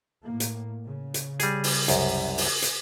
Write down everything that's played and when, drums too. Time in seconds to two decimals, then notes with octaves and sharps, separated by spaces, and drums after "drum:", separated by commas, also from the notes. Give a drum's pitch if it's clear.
0.23 A2 A#3
0.40 drum: hi-hat
0.84 C#3
1.14 drum: hi-hat
1.40 G3 G#4, drum: hi-hat
1.64 drum: open hi-hat
1.88 C2 F#2, drum: hi-hat
2.38 drum: open hi-hat
2.62 drum: hi-hat